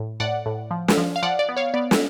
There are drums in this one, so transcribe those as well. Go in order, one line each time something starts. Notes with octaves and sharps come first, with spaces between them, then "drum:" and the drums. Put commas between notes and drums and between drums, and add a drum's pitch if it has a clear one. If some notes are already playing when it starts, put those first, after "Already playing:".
Already playing: A2
A2 D5 F#5
A2
F3
drum: snare
F3
F5
F3 D5 F#5
D5
B3
C#5 F5
B3 D5
drum: snare